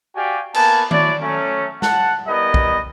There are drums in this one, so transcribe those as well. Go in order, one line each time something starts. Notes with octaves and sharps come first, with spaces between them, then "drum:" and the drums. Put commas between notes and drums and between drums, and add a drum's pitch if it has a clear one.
F#4 G4 D5 F5 G5 G#5
A#3 B3 G#5 A5, drum: cymbal
E4 F#4 C#5 D5, drum: tom D#3
F#3 A3 C#4
F#5 A5, drum: snare
G3 B3 E4 A#4 D#5
drum: kick